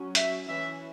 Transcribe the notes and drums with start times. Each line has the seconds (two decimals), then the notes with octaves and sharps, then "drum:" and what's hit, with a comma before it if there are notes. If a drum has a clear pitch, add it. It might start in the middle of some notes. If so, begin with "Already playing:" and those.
Already playing: F#3 C#4
0.15 E5, drum: hi-hat
0.47 E3 C#4 E5